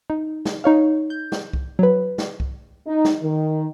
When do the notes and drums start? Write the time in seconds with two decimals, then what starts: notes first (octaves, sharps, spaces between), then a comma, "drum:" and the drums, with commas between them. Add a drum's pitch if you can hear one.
0.10 D#4
0.45 drum: snare
0.64 D#4 C#5 F5
1.10 G6
1.32 drum: snare
1.53 drum: kick C2
1.79 F#3 B4
2.18 drum: snare
2.40 drum: kick C2
2.87 D#4
3.05 drum: snare
3.22 D#3